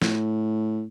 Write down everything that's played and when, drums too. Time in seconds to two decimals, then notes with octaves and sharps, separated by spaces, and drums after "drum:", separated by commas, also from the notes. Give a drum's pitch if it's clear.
0.02 A2, drum: snare